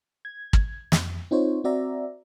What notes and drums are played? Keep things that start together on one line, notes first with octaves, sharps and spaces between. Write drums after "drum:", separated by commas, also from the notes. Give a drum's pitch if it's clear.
G#6
drum: kick
F2, drum: snare
C4 D#4 F4 C5 C#5
C4 F#4 D5 E5 A#5